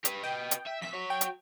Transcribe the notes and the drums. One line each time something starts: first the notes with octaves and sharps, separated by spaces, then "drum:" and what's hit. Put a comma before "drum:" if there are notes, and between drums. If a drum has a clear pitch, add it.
G4 B4, drum: hi-hat
B4 D#5 G5
drum: hi-hat
E5
F2 E5 B6
F#4 C#5
G5
drum: hi-hat